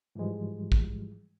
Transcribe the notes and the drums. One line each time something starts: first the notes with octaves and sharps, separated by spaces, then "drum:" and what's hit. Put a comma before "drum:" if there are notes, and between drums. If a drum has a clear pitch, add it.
G#2 E3 F3 G3 G#3
drum: kick